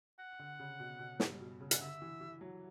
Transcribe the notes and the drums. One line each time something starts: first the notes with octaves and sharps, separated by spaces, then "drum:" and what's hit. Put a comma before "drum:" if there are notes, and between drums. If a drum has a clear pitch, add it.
F#5
D3
C#3
B2
B2
G2, drum: snare
B2
C#3
F#5, drum: hi-hat
D3 E5
E3
E3
F#3